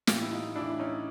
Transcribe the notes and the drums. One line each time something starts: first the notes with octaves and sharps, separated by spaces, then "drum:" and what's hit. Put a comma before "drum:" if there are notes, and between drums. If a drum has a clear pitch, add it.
A2 E3 F4 G4, drum: snare
E4
D#4 F4
A2 E3 D4 E4
E4
C#4 D#4